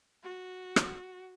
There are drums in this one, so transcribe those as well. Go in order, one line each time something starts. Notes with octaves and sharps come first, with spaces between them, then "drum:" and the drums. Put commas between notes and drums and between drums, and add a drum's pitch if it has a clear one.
F#4
drum: rim click